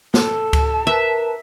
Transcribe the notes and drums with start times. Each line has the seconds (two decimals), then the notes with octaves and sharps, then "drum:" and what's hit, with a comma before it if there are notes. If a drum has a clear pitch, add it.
0.14 A4 A5, drum: snare
0.53 drum: kick C#2, cymbal
0.87 A#4 B4 E5